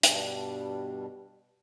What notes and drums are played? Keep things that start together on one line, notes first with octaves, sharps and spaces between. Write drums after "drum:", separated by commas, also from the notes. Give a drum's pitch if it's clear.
G2 B2 G3 D4, drum: hi-hat